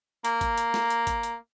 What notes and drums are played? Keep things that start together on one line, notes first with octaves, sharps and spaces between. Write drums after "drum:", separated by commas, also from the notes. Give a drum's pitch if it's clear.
A#3, drum: hi-hat
drum: kick, hi-hat
drum: hi-hat
drum: snare
drum: hi-hat
drum: kick, hi-hat
drum: hi-hat